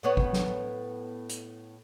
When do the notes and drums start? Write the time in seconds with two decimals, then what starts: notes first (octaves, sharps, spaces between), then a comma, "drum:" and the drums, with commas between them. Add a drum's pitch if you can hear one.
0.03 A2 B3 C#5
0.17 drum: kick
0.33 drum: snare
1.29 drum: hi-hat